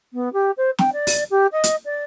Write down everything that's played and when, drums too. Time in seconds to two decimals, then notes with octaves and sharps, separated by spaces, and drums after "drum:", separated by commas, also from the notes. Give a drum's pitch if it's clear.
0.13 B3
0.33 G4
0.57 C5
0.78 G5, drum: snare
0.92 D5
1.07 drum: open hi-hat
1.30 G4
1.52 D#5
1.64 drum: hi-hat
1.85 D5